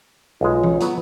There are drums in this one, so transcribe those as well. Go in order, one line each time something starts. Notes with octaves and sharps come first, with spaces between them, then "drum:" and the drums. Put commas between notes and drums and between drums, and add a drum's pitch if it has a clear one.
B1 G#3 F4
drum: tom E3
F#3 B3, drum: hi-hat